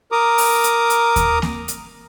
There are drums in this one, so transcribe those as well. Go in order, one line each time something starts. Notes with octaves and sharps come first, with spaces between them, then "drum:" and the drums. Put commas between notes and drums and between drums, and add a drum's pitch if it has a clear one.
A#4 A#5 D6 D#6
drum: open hi-hat
drum: hi-hat
drum: hi-hat
drum: kick D#2, hi-hat
drum: snare A#3
drum: hi-hat